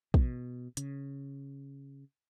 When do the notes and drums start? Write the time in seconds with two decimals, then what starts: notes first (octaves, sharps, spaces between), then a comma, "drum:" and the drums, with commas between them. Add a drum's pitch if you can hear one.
0.14 B2, drum: kick
0.77 C#3, drum: hi-hat